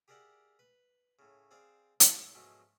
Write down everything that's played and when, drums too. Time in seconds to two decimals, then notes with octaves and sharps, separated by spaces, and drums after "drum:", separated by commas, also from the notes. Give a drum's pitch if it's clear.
0.08 G4 G#4 A#4 D5 E5 F#5
0.59 B4
1.19 A2 C#3
1.51 C4 G#4 C5 D5 F5
2.00 C2 A2, drum: hi-hat
2.35 G#2 B2 F3 F#3 G#3 A3